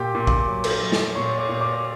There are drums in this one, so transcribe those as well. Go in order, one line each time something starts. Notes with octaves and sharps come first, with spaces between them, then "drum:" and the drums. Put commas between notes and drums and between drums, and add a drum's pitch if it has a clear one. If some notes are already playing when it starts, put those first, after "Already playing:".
Already playing: A#2 G4 G5
A#2
drum: kick A#1
F#3
drum: cymbal
F#3
drum: snare
A#2 C#5 C#6
D5 D6
A#2
D5 D6